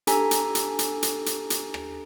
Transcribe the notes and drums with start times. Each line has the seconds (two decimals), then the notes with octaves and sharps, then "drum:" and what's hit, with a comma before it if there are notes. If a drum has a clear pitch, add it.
0.07 D4 G4 A4 G#5 A#5 B6, drum: hi-hat
0.31 drum: hi-hat
0.55 drum: hi-hat
0.79 drum: hi-hat
1.03 drum: hi-hat
1.26 drum: hi-hat
1.50 drum: hi-hat
1.74 drum: rim click